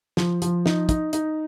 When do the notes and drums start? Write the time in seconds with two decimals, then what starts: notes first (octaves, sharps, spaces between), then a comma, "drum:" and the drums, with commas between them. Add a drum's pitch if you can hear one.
0.17 F3, drum: snare
0.42 F3, drum: hi-hat
0.66 D#4, drum: snare
0.89 D#4, drum: kick, hi-hat
1.13 D#4, drum: hi-hat